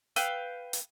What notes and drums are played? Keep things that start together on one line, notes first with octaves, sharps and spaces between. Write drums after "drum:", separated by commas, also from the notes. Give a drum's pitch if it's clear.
B4 F5 G5 E6, drum: hi-hat
drum: hi-hat